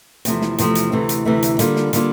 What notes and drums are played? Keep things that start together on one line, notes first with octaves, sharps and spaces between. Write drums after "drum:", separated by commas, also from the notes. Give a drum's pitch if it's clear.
E2 C3 F3 A3 C4, drum: hi-hat
drum: snare
E2 C3 F3 A3 C4, drum: hi-hat
drum: hi-hat
D2 C3 E3 A3
drum: hi-hat
D2 C3 E3 A3
drum: hi-hat
D3 G3 A#3 D4 F4, drum: hi-hat
drum: snare
D3 G3 A#3 D4 F4, drum: hi-hat